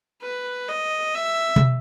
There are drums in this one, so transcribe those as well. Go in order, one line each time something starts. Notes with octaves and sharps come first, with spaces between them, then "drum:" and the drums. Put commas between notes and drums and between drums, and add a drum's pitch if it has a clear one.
B4
D#5
E5
drum: tom B2